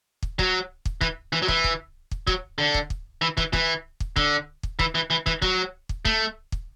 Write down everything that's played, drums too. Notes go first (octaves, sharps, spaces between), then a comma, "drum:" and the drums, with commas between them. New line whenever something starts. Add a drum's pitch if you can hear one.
drum: kick
F#3, drum: kick
drum: kick
E3, drum: kick
E3
F#3
E3, drum: kick
drum: kick
drum: kick
F#3, drum: kick
D3
drum: kick
drum: kick
E3
E3, drum: kick
E3, drum: kick
drum: kick
D3, drum: kick
drum: kick
E3, drum: kick
E3
E3
E3, drum: kick
F#3, drum: kick
drum: kick
A3, drum: kick
drum: kick